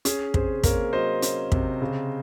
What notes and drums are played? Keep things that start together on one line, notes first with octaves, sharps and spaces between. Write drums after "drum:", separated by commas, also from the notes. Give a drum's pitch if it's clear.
C#4 G#4, drum: hi-hat
C3 G#4 C5, drum: kick
A#3 A#4 C#5, drum: kick, hi-hat
F#3 C5 D#5
C#4, drum: hi-hat
C3, drum: kick
C#3